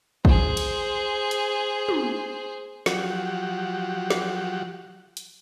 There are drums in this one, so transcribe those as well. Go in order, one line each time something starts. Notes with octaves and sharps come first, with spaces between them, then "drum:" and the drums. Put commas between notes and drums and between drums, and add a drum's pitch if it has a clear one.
G#4 C5, drum: kick
drum: cymbal
drum: hi-hat
drum: tom
F3 F#3 G4 F#5, drum: snare
drum: snare
drum: hi-hat